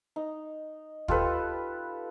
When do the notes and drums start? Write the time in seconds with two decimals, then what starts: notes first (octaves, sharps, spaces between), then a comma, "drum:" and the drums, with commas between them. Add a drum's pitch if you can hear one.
0.16 D#4
1.08 F4 G4 A4 B4, drum: kick